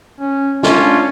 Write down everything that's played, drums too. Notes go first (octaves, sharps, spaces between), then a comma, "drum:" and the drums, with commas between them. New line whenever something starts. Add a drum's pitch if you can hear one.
C#4
C#4 D4 F4, drum: snare